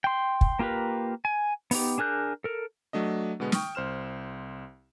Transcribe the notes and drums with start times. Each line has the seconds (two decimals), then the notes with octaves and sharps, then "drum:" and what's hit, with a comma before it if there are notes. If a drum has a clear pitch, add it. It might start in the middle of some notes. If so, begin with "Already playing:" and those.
0.04 G5 C6
0.41 drum: kick
0.59 A#3 F4 G4 A#4 B4
1.25 G#5
1.71 B3 D#4 G4, drum: open hi-hat
1.98 D4 G#4 A#4 F#6 G6
2.44 A4 A#4
2.93 F#3 A3 D4 D#5
3.40 B2 D3 G#3 B3
3.52 G5 C#6 D#6 F6, drum: snare
3.75 C2 C5 F6 E7